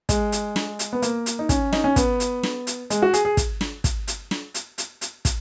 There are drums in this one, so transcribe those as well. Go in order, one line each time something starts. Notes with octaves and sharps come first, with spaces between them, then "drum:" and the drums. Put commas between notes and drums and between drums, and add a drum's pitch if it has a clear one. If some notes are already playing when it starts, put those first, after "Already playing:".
G#3, drum: kick, hi-hat
drum: hi-hat
drum: snare
drum: hi-hat
B3
A#3, drum: hi-hat
drum: hi-hat
D#4
C#4, drum: kick, hi-hat
D#4, drum: snare
C#4
B3, drum: kick, hi-hat
drum: hi-hat
drum: snare
drum: hi-hat
G#3, drum: hi-hat
F#4
G#4, drum: hi-hat
G#4
drum: kick, hi-hat
drum: snare
drum: kick, hi-hat
drum: hi-hat
drum: snare
drum: hi-hat
drum: hi-hat
drum: hi-hat
drum: kick, hi-hat